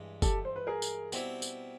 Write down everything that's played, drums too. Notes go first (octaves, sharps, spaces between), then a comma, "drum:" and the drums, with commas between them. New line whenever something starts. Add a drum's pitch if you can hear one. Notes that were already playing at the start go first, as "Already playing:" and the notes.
Already playing: G2 E3 G#3
G4 A4, drum: kick F#1, tambourine
C5
B4
G#4 A#4
drum: tambourine
B2 G3 C4 E4, drum: tambourine
drum: tambourine